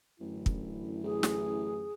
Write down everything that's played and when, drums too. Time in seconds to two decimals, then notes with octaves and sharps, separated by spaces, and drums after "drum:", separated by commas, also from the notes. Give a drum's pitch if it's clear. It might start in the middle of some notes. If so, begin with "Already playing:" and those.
0.20 A1 F#2 D3 E4
0.46 drum: kick
1.04 A1 G#4
1.23 drum: snare